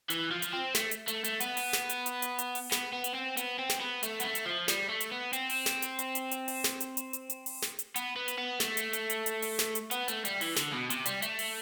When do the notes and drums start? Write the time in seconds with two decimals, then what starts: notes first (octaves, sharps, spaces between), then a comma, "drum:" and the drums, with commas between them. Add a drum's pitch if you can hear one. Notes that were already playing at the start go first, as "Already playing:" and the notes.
0.10 E3, drum: hi-hat
0.31 F3
0.42 drum: hi-hat
0.53 C4
0.75 A3, drum: snare
0.91 drum: hi-hat
1.08 A3, drum: hi-hat
1.24 A3, drum: hi-hat
1.40 B3, drum: hi-hat
1.57 drum: open hi-hat
1.73 drum: snare
1.90 drum: hi-hat
2.06 drum: hi-hat
2.22 drum: hi-hat
2.39 drum: hi-hat
2.55 drum: open hi-hat
2.72 B3, drum: snare
2.93 B3
3.04 drum: hi-hat
3.15 C4
3.37 B3, drum: hi-hat
3.59 C4
3.70 drum: snare
3.80 B3
4.03 A3, drum: hi-hat
4.20 B3, drum: hi-hat
4.24 A3
4.35 drum: hi-hat
4.46 F3
4.68 G3, drum: snare
4.89 A3
5.00 drum: hi-hat
5.11 B3
5.33 C4, drum: hi-hat
5.50 drum: open hi-hat
5.66 drum: snare
5.82 drum: hi-hat
5.99 drum: hi-hat
6.15 drum: hi-hat
6.31 drum: hi-hat
6.48 drum: open hi-hat
6.64 drum: snare
6.80 drum: hi-hat
6.97 drum: hi-hat
7.13 drum: hi-hat
7.30 drum: hi-hat
7.46 drum: open hi-hat
7.62 drum: snare
7.79 drum: hi-hat
7.96 B3, drum: hi-hat
8.16 B3
8.28 drum: hi-hat
8.38 B3
8.60 A3, drum: snare
8.77 drum: hi-hat
8.93 drum: hi-hat
9.10 drum: hi-hat
9.26 drum: hi-hat
9.42 drum: open hi-hat
9.59 drum: snare
9.75 drum: hi-hat
9.91 B3, drum: hi-hat
10.08 A3, drum: hi-hat
10.25 G3, drum: hi-hat
10.41 E3, drum: open hi-hat
10.56 D3, drum: snare
10.73 B2
10.90 C3, drum: hi-hat
11.06 G3, drum: hi-hat
11.22 A3, drum: hi-hat
11.39 drum: open hi-hat